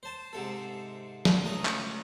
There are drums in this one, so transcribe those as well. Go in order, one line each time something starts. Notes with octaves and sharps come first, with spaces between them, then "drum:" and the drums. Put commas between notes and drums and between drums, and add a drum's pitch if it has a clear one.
C5 A5
G#2 C3 A4
drum: snare
C#2 A3 A#5 D#6
drum: clap